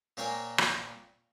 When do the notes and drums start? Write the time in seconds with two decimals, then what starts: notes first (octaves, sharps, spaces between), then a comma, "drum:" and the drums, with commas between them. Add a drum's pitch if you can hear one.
0.17 A#2 C4 A#4 C#5 G5 G#5
0.58 drum: rim click